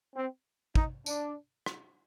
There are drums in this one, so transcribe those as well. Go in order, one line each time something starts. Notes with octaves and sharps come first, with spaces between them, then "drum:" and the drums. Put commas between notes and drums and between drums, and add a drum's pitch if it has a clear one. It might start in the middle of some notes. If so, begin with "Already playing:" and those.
C4
D#4, drum: kick
D4, drum: tambourine
drum: rim click